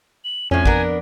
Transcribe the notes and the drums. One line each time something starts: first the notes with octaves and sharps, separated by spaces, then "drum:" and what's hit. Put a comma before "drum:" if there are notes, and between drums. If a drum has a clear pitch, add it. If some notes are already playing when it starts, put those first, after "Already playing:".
F#7
F2 A2 C#4 G#5
B3 D4 A#4, drum: kick